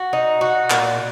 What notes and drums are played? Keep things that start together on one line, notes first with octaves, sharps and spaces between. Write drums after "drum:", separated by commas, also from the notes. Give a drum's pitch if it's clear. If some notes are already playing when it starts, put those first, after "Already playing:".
Already playing: F#4
D#4
F#4
A#2, drum: clap